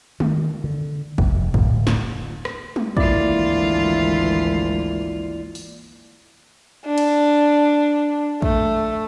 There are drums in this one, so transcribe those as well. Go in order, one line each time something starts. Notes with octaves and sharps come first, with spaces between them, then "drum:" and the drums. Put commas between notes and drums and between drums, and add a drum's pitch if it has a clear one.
D#3, drum: tom G3
D3
F1, drum: kick
D1, drum: kick
drum: snare
drum: rim click
drum: tom G3
G#1 D2 E3 A#3 E4 F4 D5, drum: kick
drum: open hi-hat
D4
drum: cymbal
A3, drum: kick